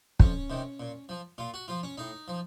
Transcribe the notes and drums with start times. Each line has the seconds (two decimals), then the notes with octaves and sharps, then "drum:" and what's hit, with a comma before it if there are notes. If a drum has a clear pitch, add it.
0.20 F2 C#4, drum: kick
0.50 C3 D#3
0.80 A#2
1.09 F3
1.38 A#2 F4
1.54 F#4
1.68 F3 F4
1.83 C#4
1.98 A2 D#4
2.28 F3